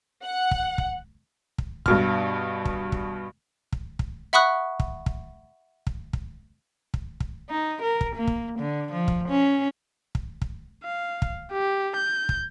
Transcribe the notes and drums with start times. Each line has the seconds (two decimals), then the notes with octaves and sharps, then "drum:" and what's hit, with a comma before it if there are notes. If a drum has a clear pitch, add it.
0.25 F#5
0.51 drum: kick
0.78 drum: kick
1.58 drum: kick
1.86 G2 B2 F6, drum: kick
2.65 drum: kick
2.92 drum: kick
3.72 drum: kick
3.99 drum: kick
4.33 E5 F#5 B5 C#6 D#6 F#6
4.80 drum: kick
5.06 drum: kick
5.87 drum: kick
6.13 drum: kick
6.94 drum: kick
7.20 drum: kick
7.50 D#4
7.82 A#4
8.01 drum: kick
8.16 A#3
8.27 drum: kick
8.59 D3
8.92 F3
9.08 drum: kick
9.29 C#4
10.15 drum: kick
10.42 drum: kick
10.84 F5
11.22 drum: kick
11.52 G4
11.97 G6
12.29 drum: kick